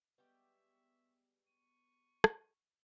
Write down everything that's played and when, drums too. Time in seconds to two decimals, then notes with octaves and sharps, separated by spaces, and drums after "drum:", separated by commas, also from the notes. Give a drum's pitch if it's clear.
0.18 G3 G#3 B3 G4 E5 C#6
1.47 C#6 D#7
2.24 drum: rim click